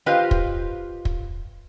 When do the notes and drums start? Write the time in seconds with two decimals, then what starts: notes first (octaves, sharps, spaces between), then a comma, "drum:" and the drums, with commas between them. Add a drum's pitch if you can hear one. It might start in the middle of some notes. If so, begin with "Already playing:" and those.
0.06 F4 G4 B4 C5 D#5 F5
0.31 drum: kick
1.05 drum: kick